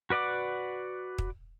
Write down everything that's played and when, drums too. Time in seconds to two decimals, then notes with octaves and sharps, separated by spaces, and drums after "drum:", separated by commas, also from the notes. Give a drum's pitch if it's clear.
0.10 F#4 B4 D5 F#5 D6
1.18 drum: kick